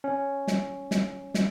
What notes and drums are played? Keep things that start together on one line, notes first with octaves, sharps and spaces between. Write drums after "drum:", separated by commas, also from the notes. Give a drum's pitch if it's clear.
C#4
drum: snare
drum: snare
drum: snare